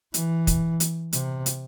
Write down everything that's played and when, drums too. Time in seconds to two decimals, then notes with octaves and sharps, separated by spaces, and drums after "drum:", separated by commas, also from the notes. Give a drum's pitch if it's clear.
0.14 E3, drum: hi-hat
0.47 drum: kick, hi-hat
0.80 drum: hi-hat
1.13 C3, drum: hi-hat
1.46 drum: hi-hat